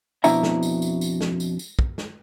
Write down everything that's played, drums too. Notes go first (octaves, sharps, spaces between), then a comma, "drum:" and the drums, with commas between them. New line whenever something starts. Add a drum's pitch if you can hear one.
F2 B2 D4 E4 E5 A#5, drum: tambourine
drum: snare
drum: tambourine
drum: tambourine
drum: tambourine
drum: snare
drum: tambourine
drum: tambourine
drum: kick
drum: snare